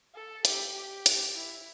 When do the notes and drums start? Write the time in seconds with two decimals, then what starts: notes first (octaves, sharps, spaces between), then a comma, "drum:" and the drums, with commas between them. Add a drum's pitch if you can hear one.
0.15 A4
0.45 G4, drum: hi-hat
0.75 G4
1.06 drum: hi-hat
1.36 E4